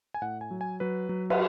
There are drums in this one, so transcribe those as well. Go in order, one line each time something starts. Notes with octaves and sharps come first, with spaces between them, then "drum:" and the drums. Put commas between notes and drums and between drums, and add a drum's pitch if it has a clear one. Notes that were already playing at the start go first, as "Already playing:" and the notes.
G#5
A2 F#5
G#5
F#3
G#5
F#3 B4
F#3
B4, drum: cymbal